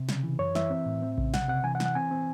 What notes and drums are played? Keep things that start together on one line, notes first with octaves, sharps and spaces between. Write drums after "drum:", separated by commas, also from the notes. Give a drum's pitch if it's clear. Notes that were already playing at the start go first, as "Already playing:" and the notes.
Already playing: C3
C#3, drum: snare
E3
F#2 C#5
E3 E5, drum: snare
C4
A2
C4
C#3, drum: kick A#1
C3 F#5, drum: snare
C3 F#5
E3 G#5
F#5
E3, drum: snare
F#5
C4 G#5
C4